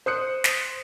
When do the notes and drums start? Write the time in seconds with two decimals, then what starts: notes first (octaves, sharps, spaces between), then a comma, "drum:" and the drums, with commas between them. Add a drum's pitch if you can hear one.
0.06 C5 D#6 F#6 C#7
0.44 drum: snare